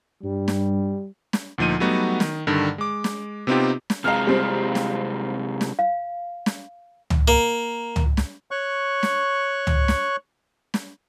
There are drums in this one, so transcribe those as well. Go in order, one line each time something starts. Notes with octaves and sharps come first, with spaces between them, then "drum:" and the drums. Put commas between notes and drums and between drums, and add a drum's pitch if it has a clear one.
G2 G3
drum: snare
drum: snare
D2 A#2 F3 D#4 D#7
F#3 G3 A3 B3 D#4 F#4
D#3, drum: snare
G2 D3 D#3
G#3 D6
drum: snare
C3 B3 C4 D#4 F4 G4
drum: snare
C3 G#3 F5 A#5 F6
G3 C4
drum: snare
drum: snare
F5
drum: snare
drum: tom C#2
A#3
drum: tom C#2
drum: snare
C#5 C#6 F#6
drum: snare
drum: tom C#2
drum: snare
drum: snare